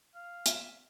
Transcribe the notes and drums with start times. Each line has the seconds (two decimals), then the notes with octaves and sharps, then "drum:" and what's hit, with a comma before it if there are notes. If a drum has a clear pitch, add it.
0.15 F5
0.46 E5, drum: hi-hat